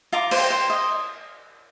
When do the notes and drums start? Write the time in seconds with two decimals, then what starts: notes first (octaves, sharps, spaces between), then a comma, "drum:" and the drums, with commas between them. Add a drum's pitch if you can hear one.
0.12 F4 A#5 D6
0.31 C5, drum: cymbal
0.38 G5 A#5
0.50 C5
0.70 D#5